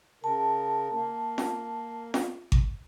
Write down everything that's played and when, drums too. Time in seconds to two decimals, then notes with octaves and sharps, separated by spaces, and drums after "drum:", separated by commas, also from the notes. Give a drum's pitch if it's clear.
0.24 C#3 A#4 A5
0.93 A#3
1.38 drum: snare
2.14 drum: snare
2.52 drum: kick G#1